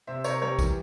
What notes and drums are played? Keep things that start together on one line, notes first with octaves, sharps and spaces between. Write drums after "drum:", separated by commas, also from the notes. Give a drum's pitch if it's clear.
C3 C5 E5
C3 A#4 C#5, drum: tambourine
G3 A#4 C#5
E3, drum: kick, tambourine